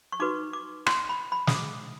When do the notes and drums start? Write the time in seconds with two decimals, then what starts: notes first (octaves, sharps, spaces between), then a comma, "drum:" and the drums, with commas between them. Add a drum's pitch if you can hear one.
0.12 C#6
0.20 D#4 F#4 B4 D6
0.53 D6
0.86 C6, drum: rim click
1.09 B5
1.32 B5
1.47 D#6, drum: snare
1.55 D6